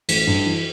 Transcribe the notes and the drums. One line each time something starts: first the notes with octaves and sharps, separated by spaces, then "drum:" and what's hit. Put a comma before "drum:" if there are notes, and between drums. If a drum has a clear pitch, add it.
A1, drum: cymbal
G2
E3